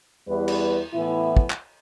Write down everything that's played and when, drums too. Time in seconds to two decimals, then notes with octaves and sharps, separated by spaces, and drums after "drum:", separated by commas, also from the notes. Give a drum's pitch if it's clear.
0.28 E2 E3 G3 E4 B4
0.48 drum: cymbal
0.94 A2 E3 B3 E4
1.37 drum: kick
1.50 drum: clap